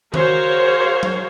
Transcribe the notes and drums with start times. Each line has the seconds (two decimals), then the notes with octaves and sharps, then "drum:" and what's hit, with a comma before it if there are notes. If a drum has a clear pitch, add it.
0.14 F#4 G#4 A#4 C5 C#5 F5, drum: tom D#3
1.03 drum: tom F#3